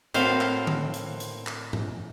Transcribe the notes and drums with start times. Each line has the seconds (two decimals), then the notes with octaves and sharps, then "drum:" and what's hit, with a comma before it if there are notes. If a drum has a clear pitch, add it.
0.14 A2 A#3 C4 F#4 C5 F5, drum: hi-hat
0.41 drum: clap
0.67 drum: tom D3
0.94 drum: hi-hat
1.20 drum: hi-hat
1.47 drum: clap
1.73 drum: tom G#2